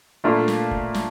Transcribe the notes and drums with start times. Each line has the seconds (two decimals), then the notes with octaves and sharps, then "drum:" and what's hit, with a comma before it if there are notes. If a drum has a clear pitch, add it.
0.24 A#2 A3 D4 F4
0.48 drum: snare
0.71 drum: kick
0.94 drum: snare